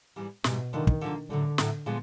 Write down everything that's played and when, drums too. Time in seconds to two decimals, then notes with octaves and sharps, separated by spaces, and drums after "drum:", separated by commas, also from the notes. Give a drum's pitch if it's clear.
0.16 G#2 E3 G3
0.44 G#2 B2 E3 G3, drum: snare
0.73 D3 D#3 F3 A#3
0.87 drum: kick
1.01 D3 F3 A#3
1.30 A2 D3 F#3 A3
1.58 A2 F#3 A3, drum: snare
1.86 A#2 F3 G#3 B3